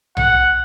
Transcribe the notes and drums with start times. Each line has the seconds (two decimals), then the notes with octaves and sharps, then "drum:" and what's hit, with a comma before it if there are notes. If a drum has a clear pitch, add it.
0.17 F#5, drum: tom B1